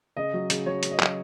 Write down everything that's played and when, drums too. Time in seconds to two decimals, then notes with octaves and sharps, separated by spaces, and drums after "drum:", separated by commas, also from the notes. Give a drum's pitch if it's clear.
0.17 C#3 D#5
0.34 F#3
0.50 C#3, drum: hi-hat
0.66 F#3 C#5
0.83 C#3, drum: hi-hat
0.91 D#5
1.00 F#3, drum: clap